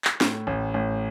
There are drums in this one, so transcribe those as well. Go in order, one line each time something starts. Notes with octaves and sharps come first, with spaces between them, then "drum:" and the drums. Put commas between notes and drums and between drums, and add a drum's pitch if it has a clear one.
drum: clap
A2, drum: snare
A1
A1